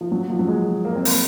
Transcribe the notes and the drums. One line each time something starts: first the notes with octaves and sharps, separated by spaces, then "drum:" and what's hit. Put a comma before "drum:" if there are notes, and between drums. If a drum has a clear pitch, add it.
F3
F#3
F3
F#3
G#3
A#3
C4
A#3, drum: open hi-hat